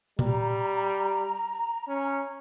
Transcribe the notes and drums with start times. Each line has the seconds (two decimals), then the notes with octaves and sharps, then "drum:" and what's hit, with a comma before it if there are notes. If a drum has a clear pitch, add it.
0.19 G3 A#5, drum: tom A2
1.88 C#4